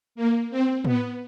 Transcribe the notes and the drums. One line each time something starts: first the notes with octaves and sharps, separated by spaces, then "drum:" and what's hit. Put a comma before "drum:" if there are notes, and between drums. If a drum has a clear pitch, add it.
A#3
C4
B3, drum: tom